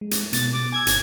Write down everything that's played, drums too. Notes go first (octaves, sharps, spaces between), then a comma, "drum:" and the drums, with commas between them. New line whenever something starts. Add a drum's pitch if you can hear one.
G#3
drum: hi-hat
B2 A6, drum: hi-hat
D6
G#5 D6 E6 G#6
G1, drum: hi-hat